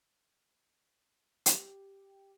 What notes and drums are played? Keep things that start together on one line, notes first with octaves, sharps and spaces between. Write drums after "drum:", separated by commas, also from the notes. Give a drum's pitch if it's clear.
G4, drum: hi-hat